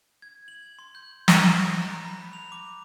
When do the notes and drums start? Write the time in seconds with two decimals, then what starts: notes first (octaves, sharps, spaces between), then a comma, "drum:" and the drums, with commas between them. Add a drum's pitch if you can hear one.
0.22 G#6
0.48 F#7
0.79 C6
0.95 G6
1.28 drum: snare
1.59 F#6
1.82 A#5
2.04 B5
2.33 F7
2.52 D6